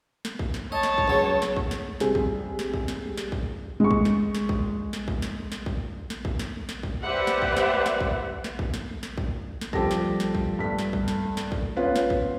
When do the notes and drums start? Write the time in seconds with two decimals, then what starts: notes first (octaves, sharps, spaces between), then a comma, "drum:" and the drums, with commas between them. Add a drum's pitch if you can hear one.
0.25 drum: snare
0.39 drum: kick
0.54 drum: snare
0.72 C#5 D#5 A5
0.83 drum: snare
0.98 drum: kick
1.08 C#2 F#3
1.42 drum: snare
1.56 drum: kick
1.71 drum: snare
2.00 C3 G3 G#4, drum: snare
2.15 drum: kick
2.59 drum: snare
2.74 drum: kick
2.88 drum: snare
3.17 drum: snare
3.32 drum: kick
3.80 G#3 C#6
3.91 drum: kick
4.05 drum: snare
4.35 drum: snare
4.49 drum: kick
4.93 drum: snare
5.08 drum: kick
5.22 drum: snare
5.52 drum: snare
5.66 drum: kick
6.10 drum: snare
6.25 drum: kick
6.39 drum: snare
6.69 drum: snare
6.83 drum: kick
7.02 G4 B4 C5 D5 E5 F#5
7.27 drum: snare
7.42 drum: kick
7.57 drum: snare
7.86 drum: snare
8.00 drum: kick
8.44 drum: snare
8.59 drum: kick
8.74 drum: snare
9.03 drum: snare
9.18 drum: kick
9.61 drum: snare
9.73 F3 G3 G4 A4 A5 A#6, drum: kick
9.91 drum: snare
10.20 drum: snare
10.35 drum: kick
10.59 G2 A3 B6
10.79 drum: snare
10.93 drum: kick
11.08 drum: snare
11.37 drum: snare
11.52 drum: kick
11.76 B3 C#4 F4 B4
11.96 drum: snare
12.10 drum: kick